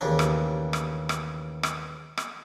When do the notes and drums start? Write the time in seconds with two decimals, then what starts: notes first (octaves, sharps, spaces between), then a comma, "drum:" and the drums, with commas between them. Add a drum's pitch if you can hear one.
0.01 A1 D#2 C#3 D4
0.19 drum: rim click
0.73 drum: rim click
1.09 drum: rim click
1.63 drum: rim click
2.17 drum: rim click